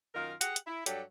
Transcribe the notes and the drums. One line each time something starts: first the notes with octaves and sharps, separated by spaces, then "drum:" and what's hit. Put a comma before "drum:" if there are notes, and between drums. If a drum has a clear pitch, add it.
F#2 D#3 F4 A#4
G4 G#4 F#5, drum: hi-hat
drum: hi-hat
E4
G2 F#3 G4 A4 D5, drum: hi-hat